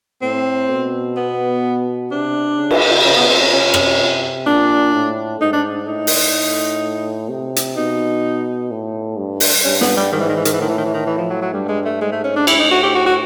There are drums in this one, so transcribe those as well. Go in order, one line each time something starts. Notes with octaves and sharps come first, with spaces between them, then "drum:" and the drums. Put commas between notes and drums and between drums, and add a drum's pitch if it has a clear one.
A2 C4
B2
B3
C3 D4
C#3
drum: cymbal
C#3 C#4
B3
C4
C#4
C3 C#4
drum: rim click
A#2 D4
A2
G#2 D#4
D4
A2 D#4
drum: open hi-hat
C3
drum: hi-hat
B2 D#4
A2
G2
drum: open hi-hat
G2 C#4
B3, drum: snare
G3
G#2 D#3
E3
D#3
E3
D#3, drum: hi-hat
E3
A2 D#3
E3
D#3
E3
D#3
E3
F3
F#3
F#3
G2 G3
G#3
A3
G#2 G#3
A3
C#4
D4
A2 E4, drum: cymbal
D#4
F#4
G4
F#4
F#4